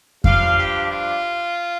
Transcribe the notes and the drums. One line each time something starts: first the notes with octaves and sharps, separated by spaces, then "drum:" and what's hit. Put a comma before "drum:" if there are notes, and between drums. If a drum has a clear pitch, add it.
G2 F3 D4 F4 F5, drum: kick F2
G4
F4